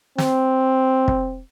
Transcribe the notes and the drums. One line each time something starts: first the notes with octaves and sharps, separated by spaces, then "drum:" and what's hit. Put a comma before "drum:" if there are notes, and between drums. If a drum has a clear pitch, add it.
C4, drum: snare
drum: kick